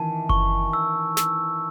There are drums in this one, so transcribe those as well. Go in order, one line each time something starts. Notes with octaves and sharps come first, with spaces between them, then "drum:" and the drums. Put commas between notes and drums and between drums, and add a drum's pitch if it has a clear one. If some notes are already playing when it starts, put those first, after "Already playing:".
Already playing: D#3 E3 A5
C#6, drum: kick F#1
E6
E6, drum: snare